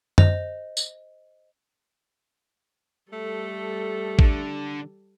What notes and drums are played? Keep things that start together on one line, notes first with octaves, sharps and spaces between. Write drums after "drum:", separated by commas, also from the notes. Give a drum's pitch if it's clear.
C5 D#5 F7, drum: tom F#2
drum: tambourine
G3 A3 A4
D3, drum: kick A1